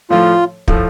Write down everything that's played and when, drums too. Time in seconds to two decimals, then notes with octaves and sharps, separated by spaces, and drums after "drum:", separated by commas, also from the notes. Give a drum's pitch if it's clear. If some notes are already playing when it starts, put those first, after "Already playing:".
0.10 A2 F3 A3 F4
0.68 A2 F3 A3, drum: kick